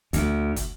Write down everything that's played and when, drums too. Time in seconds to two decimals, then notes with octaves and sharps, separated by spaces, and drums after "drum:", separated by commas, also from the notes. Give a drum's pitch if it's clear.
0.13 D2, drum: hi-hat
0.56 drum: kick, hi-hat